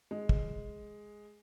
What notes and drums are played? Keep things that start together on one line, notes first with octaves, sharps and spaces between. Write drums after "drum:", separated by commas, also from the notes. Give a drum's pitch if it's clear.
G#3
drum: kick